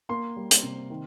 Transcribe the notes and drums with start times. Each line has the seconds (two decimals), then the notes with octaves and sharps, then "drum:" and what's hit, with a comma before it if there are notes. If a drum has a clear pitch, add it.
0.09 A#3 C6
0.37 G3
0.51 drum: hi-hat
0.63 C3
0.90 D#3